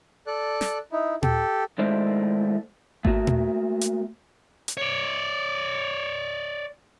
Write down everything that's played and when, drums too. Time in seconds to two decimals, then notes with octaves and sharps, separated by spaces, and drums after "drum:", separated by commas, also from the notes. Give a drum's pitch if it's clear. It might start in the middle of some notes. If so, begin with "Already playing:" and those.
0.27 A4 D5 F#6
0.61 drum: snare
0.92 D#4 E4
1.23 G4 A4, drum: tom A#2
1.78 D#2 G#3 A3 E4 C5 D5
3.05 A3 A#3 F#4, drum: kick G#1
3.27 drum: tom A#2
3.81 drum: hi-hat
4.68 drum: hi-hat
4.77 C#5 D5